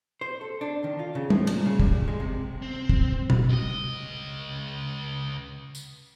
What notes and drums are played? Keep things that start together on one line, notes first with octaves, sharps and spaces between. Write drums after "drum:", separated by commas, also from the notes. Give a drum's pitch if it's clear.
C5
A4
D4
D#3
F4
C#3
F3, drum: tom
A#2, drum: cymbal
C#3
G2, drum: kick
G#3
C3
C4
drum: kick
drum: tom
C#2 D#5
drum: tambourine